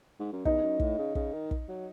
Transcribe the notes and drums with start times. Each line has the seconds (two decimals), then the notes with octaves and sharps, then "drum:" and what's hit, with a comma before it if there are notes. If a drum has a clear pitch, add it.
0.19 G#2
0.32 F#2
0.45 E2 D#4, drum: kick
0.63 F#2
0.80 A2, drum: kick
0.98 C#3
1.15 C#3, drum: kick
1.34 D#3
1.51 drum: kick
1.68 F#3